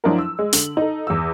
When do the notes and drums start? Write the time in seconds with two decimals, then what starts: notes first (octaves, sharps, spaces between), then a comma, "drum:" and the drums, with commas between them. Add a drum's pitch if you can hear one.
0.04 F3 F#3 D4 E4 F4 A#4
0.18 E6
0.39 G#3
0.53 D3 F#7, drum: hi-hat
0.77 D#4 A4
1.07 E2 E6